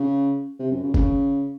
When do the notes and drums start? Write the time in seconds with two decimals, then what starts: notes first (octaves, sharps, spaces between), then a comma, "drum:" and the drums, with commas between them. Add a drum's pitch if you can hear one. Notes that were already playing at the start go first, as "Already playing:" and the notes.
Already playing: C#3
0.59 C3
0.71 F#2
0.83 C#3
0.94 C#3, drum: kick